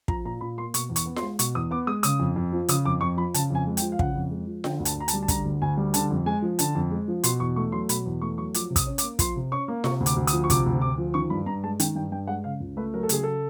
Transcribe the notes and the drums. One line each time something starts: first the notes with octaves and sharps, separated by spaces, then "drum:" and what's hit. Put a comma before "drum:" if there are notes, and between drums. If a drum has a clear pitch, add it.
F3 A#5, drum: kick
A#2 A#5
A#2 B5
A#3 C6
B2 C#6, drum: hi-hat
E2
C#6, drum: hi-hat
B3
C6, drum: snare F4
G#3
B2 C#6, drum: hi-hat
E2 D#6
B3 D6
G#3 D#6
C#3 D#6, drum: hi-hat
F2
F2
F3
C#3 D#6, drum: hi-hat
F2 D6
F2 C#6
F3 B5
C#3 A5, drum: hi-hat
F2 G#5
G#3
G5, drum: hi-hat
F3
F5
C#3 F#5, drum: kick
F2
G#3
F3
D3 G5, drum: snare F4
D2
A5, drum: hi-hat
D2 A#5
A5, drum: hi-hat
G3
A5
D3 A#5, drum: kick, hi-hat
D2
D2 G#5
G3
D3 A5, drum: hi-hat
F2
G#3 G#5
F3
D3 A5, drum: hi-hat
F2
G#3
F3
B2 C6, drum: hi-hat
E2 C#6
A3 C#6
F#3 C6
B2 B5, drum: hi-hat
E2
A3 C#6
F#3 C#6
F3 D6, drum: hi-hat
C3
D#6, drum: kick, hi-hat
C#4
D6, drum: hi-hat
A#3
F3 C6, drum: kick, hi-hat
C3
C#4 C#6
A#3
C3 C#6, drum: snare F4
D2
D6, drum: hi-hat
D2
D#6, drum: hi-hat
F3
C#6
C3 D6, drum: kick, hi-hat
D2
D2 D6
F3
D#3 C#6
G2 B5
G2 A#5
G#3 A5
D#3 G5, drum: hi-hat
G2 G5
G2 G5
G#3 F#5
C#3 F5
C#2
A3 B4
F#3 A#4
A4
C#3 G#4, drum: hi-hat
A4